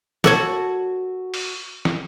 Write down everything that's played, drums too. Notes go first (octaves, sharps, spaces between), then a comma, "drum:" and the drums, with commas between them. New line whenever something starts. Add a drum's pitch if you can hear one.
F#4 A4 C#5, drum: snare
drum: open hi-hat
drum: snare